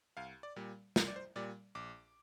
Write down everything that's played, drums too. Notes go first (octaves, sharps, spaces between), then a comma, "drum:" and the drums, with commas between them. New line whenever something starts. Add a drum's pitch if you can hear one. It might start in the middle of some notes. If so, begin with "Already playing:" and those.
C2 F5
D5
A#2 G3
C2 A#4, drum: snare
D5
C5
A#2 G3 D5
A#1 D6